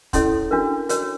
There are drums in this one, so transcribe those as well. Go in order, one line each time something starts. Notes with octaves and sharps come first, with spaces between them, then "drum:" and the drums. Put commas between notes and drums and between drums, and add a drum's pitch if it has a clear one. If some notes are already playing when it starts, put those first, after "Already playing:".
C#4 E4 A4 C#5 C6, drum: kick, hi-hat
D4 F#4 A#4
F#4 A#4 C#5, drum: hi-hat